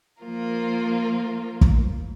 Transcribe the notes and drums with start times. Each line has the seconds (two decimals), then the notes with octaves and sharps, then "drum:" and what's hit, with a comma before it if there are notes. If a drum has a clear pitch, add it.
0.22 F3 A#3 F4 A#4
1.61 drum: kick